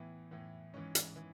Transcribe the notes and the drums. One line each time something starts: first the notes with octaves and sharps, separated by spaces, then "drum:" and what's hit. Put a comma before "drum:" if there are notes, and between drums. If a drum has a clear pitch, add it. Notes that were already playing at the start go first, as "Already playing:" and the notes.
Already playing: A2 E3 B3
A2 E3
G#2 E3 C#4
drum: hi-hat
E3